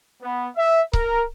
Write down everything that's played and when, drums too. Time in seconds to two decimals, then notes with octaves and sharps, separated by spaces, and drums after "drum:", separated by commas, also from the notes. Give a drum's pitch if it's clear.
0.22 B3
0.57 E5
0.93 A#4, drum: kick C#1